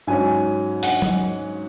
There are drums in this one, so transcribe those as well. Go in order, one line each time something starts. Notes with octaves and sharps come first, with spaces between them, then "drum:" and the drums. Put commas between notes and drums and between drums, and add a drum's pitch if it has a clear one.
G#2 F#3 C#4 G#5
F#5, drum: open hi-hat
drum: tom F#3